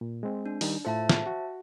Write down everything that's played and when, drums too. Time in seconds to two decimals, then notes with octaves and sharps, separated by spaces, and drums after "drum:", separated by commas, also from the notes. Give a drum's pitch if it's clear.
0.01 A#2
0.23 G#3 C4
0.46 D4
0.61 D#3 G3 D#4, drum: open hi-hat
0.85 A2 F4 A4 C5 E5 A5
1.09 drum: snare
1.26 F#4